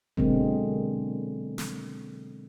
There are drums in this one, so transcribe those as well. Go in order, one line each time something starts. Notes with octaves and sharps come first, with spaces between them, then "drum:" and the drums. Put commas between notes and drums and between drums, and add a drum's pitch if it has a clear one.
B2 D3 F#3 G#3 A#3 C4, drum: kick F#1
drum: snare